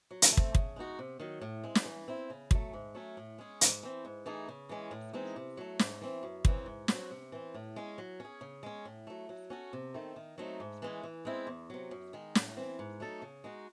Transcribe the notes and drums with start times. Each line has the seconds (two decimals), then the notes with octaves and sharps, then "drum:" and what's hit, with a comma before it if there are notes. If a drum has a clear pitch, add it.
0.11 F#3
0.22 drum: hi-hat
0.32 A3
0.37 C4, drum: kick
0.55 C#3, drum: kick
0.76 G#3 D#4 F#4
0.99 C3
1.20 D#3 F#3
1.41 A2
1.64 G#3 C4
1.75 drum: snare
1.85 E3
2.08 C4 E4
2.30 C#3
2.51 F#3 A3, drum: kick
2.73 G#2
2.95 F#3 A3 C#4
3.17 A2
3.38 G#3 C#4 G#4
3.61 G#2, drum: hi-hat
3.83 E3 C4
4.05 G#2
4.26 E3 A3 D#4 G#4
4.48 C#3
4.69 E3 G#3 C#4
4.91 A2
5.13 E3 G#3 C4 D#4
5.36 C3
5.57 F#3 A3
5.79 G#2, drum: snare
6.02 E3 C4
6.23 F#2
6.45 C#3 E3 C4, drum: kick
6.66 G#2
6.88 F#3 C4 F#4, drum: snare
7.11 C3
7.32 E3 C4
7.54 A2
7.76 G#3 C#4
7.98 F#3
8.20 C#4 G#4
8.41 C#3
8.63 G#3 C#4
8.85 A2
9.07 F#3 A3
9.29 F#3
9.50 C#4 F#4 A4
9.73 C3
9.94 D#3 A3 C4
10.16 D#3
10.38 F#3 A3 C4 D#4
10.60 G#2
10.82 E3 G#3 C#4
11.03 E3
11.25 G#3 C4 E4
11.47 E2
11.70 C3 F#3
11.91 F#2
12.13 D#3 G#3
12.35 A2, drum: snare
12.57 E3 C4
12.79 G#2
13.00 F#3 A3 D#4 A4
13.22 C#3
13.44 G#3 D#4 F#4